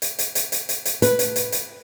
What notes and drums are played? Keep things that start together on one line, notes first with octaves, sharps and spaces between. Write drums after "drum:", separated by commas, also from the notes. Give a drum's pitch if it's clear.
drum: hi-hat
drum: hi-hat
drum: hi-hat
drum: hi-hat
drum: hi-hat
drum: hi-hat
B4, drum: hi-hat
drum: hi-hat
drum: hi-hat
drum: hi-hat